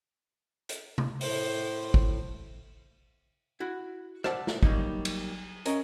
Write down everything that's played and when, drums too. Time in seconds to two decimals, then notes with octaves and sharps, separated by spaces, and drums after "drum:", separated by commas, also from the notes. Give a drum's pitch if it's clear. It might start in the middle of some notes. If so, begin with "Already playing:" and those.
0.69 drum: hi-hat
0.98 drum: tom C3
1.21 A2 C5, drum: open hi-hat
1.94 drum: kick
3.60 E4 F#4
4.24 C5 D5 E5 F#5 A5, drum: rim click
4.47 drum: snare
4.63 F#3 G3 A#3 D#4, drum: kick
5.05 drum: cymbal
5.66 C#4 A#4 D#5, drum: hi-hat